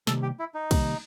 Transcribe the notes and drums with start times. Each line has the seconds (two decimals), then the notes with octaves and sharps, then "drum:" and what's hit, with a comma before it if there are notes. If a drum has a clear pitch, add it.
0.07 C3 D#3 G3 A#3 A4, drum: snare
0.22 G4
0.39 E4
0.54 D#4
0.71 C3 D#3 G3 A#3, drum: kick, cymbal